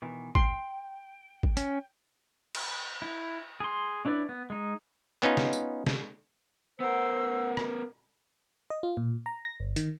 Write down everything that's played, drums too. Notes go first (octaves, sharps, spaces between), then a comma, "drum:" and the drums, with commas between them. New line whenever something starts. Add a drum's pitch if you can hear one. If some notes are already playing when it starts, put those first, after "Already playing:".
B2 D#3 E3
G5 C6, drum: kick
drum: kick
C#4, drum: hi-hat
drum: cymbal
E4
G#4 C6
C#4 D4 E4 B4 D5
B3
G#3 D#4
B3 C#4 D#4 F4, drum: clap
drum: snare
drum: tambourine
drum: snare
B3 A#4 C5 F#5 E6
drum: rim click
D#5
F4
A#2
A#5
A#6
G1
D#3, drum: hi-hat